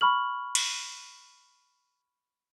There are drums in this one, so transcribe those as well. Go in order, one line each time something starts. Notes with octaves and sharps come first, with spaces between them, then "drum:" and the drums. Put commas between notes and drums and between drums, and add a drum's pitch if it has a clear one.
B5 C#6 F6 F#7
drum: cymbal